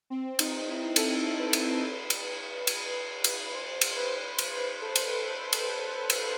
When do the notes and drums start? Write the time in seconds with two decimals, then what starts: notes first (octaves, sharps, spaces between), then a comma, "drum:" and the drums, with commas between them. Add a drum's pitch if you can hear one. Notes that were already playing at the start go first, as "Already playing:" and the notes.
0.10 C4
0.39 D#4, drum: cymbal
0.68 E4
0.96 A4, drum: cymbal
1.39 B4
1.53 drum: cymbal
2.10 drum: cymbal
2.67 drum: cymbal
3.24 drum: cymbal
3.53 C5
3.81 drum: cymbal
3.96 B4
4.38 drum: cymbal
4.81 A4
4.96 drum: cymbal
5.53 drum: cymbal
6.10 drum: cymbal